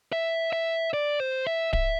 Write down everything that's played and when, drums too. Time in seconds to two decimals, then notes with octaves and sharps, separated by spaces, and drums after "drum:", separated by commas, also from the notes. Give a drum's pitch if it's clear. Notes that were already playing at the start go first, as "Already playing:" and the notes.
0.13 E5
0.53 E5
0.93 D5
1.20 C5
1.47 E5
1.73 E5, drum: kick D1